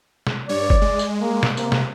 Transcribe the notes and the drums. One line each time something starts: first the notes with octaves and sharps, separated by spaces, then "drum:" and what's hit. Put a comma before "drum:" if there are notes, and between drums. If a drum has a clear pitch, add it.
drum: snare
G2 C#5 D5
drum: kick F#1
G#3
drum: tambourine
A#3
drum: snare
C3 A#3, drum: tambourine
drum: snare